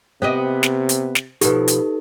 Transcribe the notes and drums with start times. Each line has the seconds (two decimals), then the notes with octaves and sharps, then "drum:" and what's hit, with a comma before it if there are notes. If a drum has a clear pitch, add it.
0.22 C3 B3 G4 C5 D#5
0.63 drum: snare
0.89 drum: hi-hat
1.15 drum: snare
1.41 B2 F3 D#4 G4 A4 B4, drum: hi-hat
1.68 drum: hi-hat